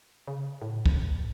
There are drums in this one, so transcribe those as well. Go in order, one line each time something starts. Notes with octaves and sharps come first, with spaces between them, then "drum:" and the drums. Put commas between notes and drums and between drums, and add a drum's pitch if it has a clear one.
C#3
A2
F#2, drum: kick
G#2